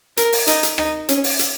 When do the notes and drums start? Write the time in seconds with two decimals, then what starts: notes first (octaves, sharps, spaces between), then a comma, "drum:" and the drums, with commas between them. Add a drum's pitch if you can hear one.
0.17 A#4, drum: hi-hat
0.32 drum: open hi-hat
0.47 D#4, drum: hi-hat
0.63 drum: hi-hat
0.78 D#4, drum: rim click
1.09 C#4, drum: hi-hat
1.24 drum: open hi-hat
1.39 drum: hi-hat